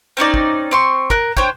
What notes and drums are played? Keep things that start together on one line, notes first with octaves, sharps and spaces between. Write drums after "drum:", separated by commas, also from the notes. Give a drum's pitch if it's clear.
C4 C#4 D#4 D5
drum: kick
C4 C6 C#6
A#4 F#6, drum: kick
D4 C5 C#5 G5, drum: kick